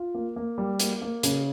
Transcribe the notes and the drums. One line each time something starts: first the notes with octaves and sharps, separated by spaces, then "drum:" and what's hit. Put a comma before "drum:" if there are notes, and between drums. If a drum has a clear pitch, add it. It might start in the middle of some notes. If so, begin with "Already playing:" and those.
Already playing: F4
A#3
A#3
G3
A#3, drum: hi-hat
A#3
C#3, drum: hi-hat